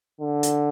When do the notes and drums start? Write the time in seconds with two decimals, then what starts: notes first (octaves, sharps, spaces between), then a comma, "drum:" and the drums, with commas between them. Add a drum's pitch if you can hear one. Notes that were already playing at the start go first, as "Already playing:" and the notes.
0.21 D3
0.43 drum: hi-hat